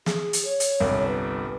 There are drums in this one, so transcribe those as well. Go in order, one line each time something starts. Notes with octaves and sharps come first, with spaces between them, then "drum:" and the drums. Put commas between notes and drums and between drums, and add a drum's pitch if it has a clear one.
G#4, drum: snare
drum: hi-hat
C#5
drum: hi-hat
G1 C2
B4